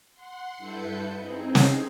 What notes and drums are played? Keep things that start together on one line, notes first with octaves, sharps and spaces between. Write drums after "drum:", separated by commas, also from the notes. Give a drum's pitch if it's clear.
F#5 C6
G2 E4 A4 B4 G6 C#7
C4 D#4 G#4
drum: snare